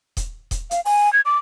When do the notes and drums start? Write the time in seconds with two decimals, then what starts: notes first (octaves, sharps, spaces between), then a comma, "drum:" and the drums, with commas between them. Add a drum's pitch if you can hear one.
0.17 drum: kick D#1, hi-hat
0.51 drum: kick D#1, hi-hat
0.71 F5, drum: hi-hat
0.85 G#5, drum: open hi-hat
1.13 G#6
1.25 D6